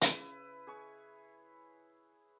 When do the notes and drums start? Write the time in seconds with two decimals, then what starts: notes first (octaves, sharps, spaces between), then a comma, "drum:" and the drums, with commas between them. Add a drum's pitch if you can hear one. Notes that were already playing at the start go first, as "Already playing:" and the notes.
0.01 C#3 E4 B4, drum: hi-hat
0.67 G#4 C#5 C#6